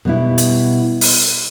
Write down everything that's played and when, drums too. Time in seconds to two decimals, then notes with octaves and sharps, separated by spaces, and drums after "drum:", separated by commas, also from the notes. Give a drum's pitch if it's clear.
0.05 B2 G3 B3 E4
0.38 drum: hi-hat
1.01 drum: open hi-hat